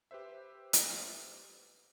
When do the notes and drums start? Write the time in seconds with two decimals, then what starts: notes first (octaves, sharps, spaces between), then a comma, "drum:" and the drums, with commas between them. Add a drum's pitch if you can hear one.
0.11 G4 B4 C5 E5
0.73 drum: hi-hat